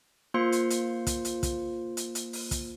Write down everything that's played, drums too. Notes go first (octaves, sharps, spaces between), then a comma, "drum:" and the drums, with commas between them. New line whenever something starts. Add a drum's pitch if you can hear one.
A#3 F4 C5 C6 C#7
drum: hi-hat
drum: hi-hat
drum: kick, hi-hat
drum: hi-hat
drum: kick, hi-hat
drum: hi-hat
drum: hi-hat
drum: open hi-hat
drum: kick, hi-hat